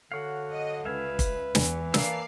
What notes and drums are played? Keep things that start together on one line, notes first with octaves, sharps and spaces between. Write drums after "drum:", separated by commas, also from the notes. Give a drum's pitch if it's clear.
D3 F#4 C#5 F5
D#5
C#2 B4 E5 F5 G#5
drum: kick, hi-hat
E2 E3, drum: snare
A#3 D5 F5 A5 E6 C7, drum: snare